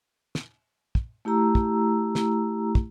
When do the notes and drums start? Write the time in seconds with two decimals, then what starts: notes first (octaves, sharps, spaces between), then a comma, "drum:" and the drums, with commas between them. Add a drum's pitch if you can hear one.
0.35 drum: snare
0.95 drum: kick
1.25 A3 E4 G4 A#5 E6
1.55 drum: kick
2.15 drum: snare
2.75 drum: kick